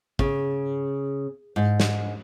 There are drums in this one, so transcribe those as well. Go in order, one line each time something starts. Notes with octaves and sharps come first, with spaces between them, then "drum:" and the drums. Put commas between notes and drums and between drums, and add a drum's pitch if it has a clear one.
C#3, drum: kick
G#2
drum: snare